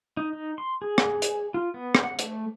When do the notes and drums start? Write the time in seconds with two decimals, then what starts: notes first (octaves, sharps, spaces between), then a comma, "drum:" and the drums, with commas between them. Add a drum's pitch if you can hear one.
0.17 D#4
0.33 D#4
0.58 C6
0.82 G#4
0.98 drum: rim click
1.22 drum: hi-hat
1.54 F4
1.74 B3
1.95 drum: rim click
2.04 F#5
2.19 A3, drum: hi-hat